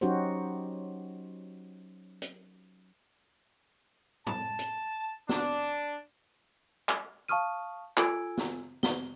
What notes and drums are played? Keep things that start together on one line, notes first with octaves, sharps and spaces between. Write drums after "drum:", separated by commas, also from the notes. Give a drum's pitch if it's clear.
F#3 C#4 D#4 F#4 G4 C5
drum: hi-hat
A5, drum: tom
drum: hi-hat
D4, drum: snare
drum: clap
F5 A5 C#6 D#6 F6 D#7
F4 A4 G#5 E6 G#6 D7, drum: clap
drum: snare
G7, drum: snare